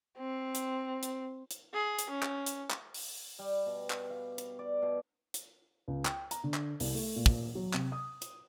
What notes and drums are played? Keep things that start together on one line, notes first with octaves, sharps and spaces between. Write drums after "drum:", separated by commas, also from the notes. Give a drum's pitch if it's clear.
C4
drum: hi-hat
drum: hi-hat
drum: hi-hat
G#4
drum: hi-hat
C#4
drum: clap
drum: hi-hat
drum: clap
drum: open hi-hat
G3
B2
drum: clap
F5
drum: hi-hat
D5
B2
drum: hi-hat
C#2
G5, drum: clap
A#5, drum: hi-hat
D3
drum: clap
C2, drum: open hi-hat
A3
A#2
drum: kick
F#3
C3, drum: clap
D#6
drum: hi-hat